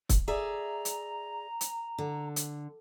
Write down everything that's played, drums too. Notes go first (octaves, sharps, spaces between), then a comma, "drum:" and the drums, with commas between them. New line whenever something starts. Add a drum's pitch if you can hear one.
drum: kick, hi-hat
G#4 D5 E5 A#5
drum: hi-hat
drum: hi-hat
D3
drum: hi-hat